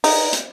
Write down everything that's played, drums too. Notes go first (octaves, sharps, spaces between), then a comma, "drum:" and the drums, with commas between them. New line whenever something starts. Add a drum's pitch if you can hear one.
D#4, drum: open hi-hat
drum: hi-hat